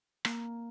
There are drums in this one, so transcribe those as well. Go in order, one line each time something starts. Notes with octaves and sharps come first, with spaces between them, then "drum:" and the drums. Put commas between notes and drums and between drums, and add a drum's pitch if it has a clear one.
A#3, drum: rim click